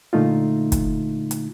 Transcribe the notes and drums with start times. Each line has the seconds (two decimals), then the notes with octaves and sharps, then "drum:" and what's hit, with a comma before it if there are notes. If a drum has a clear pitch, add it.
0.13 A#2 D3 A3 D#4 F4
0.72 drum: kick, hi-hat
1.31 drum: hi-hat